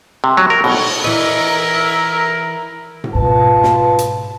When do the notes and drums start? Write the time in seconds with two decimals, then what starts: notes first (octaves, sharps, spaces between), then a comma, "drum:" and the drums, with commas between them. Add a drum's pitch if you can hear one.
0.24 C3
0.37 F#3
0.50 A#4
0.64 B2, drum: cymbal
1.04 E3 E4 A#4 D#5 E5
3.04 drum: tom A2
3.15 G#2 B2 F4 B4 A5
3.63 drum: snare
3.98 drum: hi-hat